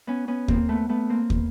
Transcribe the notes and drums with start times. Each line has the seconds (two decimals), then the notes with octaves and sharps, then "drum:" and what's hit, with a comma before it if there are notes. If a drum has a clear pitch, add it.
0.07 B3 C#4
0.28 B3 C#4
0.48 A#3 C4, drum: kick
0.69 A3 B3
0.89 A3 B3
1.10 A#3 C4
1.30 drum: kick